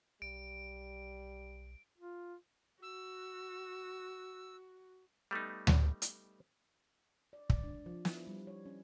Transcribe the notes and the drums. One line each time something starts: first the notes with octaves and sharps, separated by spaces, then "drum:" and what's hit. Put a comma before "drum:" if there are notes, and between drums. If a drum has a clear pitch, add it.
B1 G3 D7
F4
F#4 E6
G3 A3 B3 D#4
drum: tom D2
drum: hi-hat
D5
D5, drum: kick
D4
F3
E4, drum: snare
G3
C#5
C#4